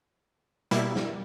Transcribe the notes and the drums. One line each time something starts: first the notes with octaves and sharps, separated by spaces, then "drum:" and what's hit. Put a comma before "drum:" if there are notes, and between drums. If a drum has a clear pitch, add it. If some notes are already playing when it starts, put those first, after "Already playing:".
B2 G3 A#3 E4, drum: hi-hat
drum: snare